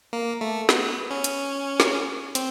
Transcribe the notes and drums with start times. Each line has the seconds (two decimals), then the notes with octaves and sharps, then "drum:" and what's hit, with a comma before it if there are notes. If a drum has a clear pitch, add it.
0.13 A#3
0.41 A3
0.69 B3, drum: snare
1.11 C#4
1.24 drum: hi-hat
1.80 drum: snare
2.35 C4, drum: hi-hat